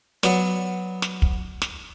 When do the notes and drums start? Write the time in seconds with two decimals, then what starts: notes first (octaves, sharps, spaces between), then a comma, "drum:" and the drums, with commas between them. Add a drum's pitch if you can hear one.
0.23 F#3 B3 D5, drum: snare
1.02 drum: snare
1.22 drum: kick
1.62 drum: snare